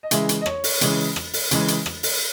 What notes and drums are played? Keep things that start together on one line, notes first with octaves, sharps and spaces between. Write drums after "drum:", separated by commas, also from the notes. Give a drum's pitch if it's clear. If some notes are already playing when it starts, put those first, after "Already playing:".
D#5
C#3 E3 G#3 E5, drum: hi-hat
drum: hi-hat
D#5
C#5, drum: rim click
drum: open hi-hat
C#3 E3 G#3, drum: hi-hat
drum: rim click
drum: open hi-hat
C#3 E3 G#3, drum: hi-hat
drum: hi-hat
drum: rim click
drum: open hi-hat